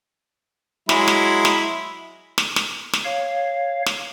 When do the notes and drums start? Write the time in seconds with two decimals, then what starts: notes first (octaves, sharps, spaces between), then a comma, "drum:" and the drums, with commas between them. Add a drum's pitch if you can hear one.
0.89 F#3 G#3 E4, drum: snare
1.08 drum: snare
1.45 drum: snare
2.38 drum: snare
2.56 drum: snare
2.93 drum: snare
3.04 C#5 F5
3.86 drum: snare